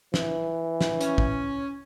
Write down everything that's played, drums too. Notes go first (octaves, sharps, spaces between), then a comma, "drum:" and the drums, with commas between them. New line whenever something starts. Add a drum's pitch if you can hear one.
E3, drum: snare
drum: snare
C#4, drum: hi-hat
drum: kick